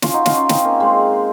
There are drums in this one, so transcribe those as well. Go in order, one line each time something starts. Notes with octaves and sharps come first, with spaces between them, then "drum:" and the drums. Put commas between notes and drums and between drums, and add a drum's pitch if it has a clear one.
C#4 F4, drum: snare
D#4 F#4
C#4 F4, drum: snare
C#4 F4
C4 D#4, drum: snare
A#3 C#4
G#3 C4